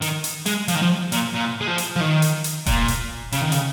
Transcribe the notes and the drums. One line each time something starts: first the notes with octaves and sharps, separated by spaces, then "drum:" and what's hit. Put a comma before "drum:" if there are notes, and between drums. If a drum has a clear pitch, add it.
D#3, drum: hi-hat
drum: hi-hat
G#3, drum: hi-hat
F3, drum: hi-hat
D#3
F3
A#2, drum: hi-hat
A#2
G#3
F3
drum: hi-hat
F3
D#3
drum: hi-hat
drum: hi-hat
A#2, drum: kick E1, hi-hat
drum: hi-hat
C#3, drum: hi-hat
D#3
C#3, drum: hi-hat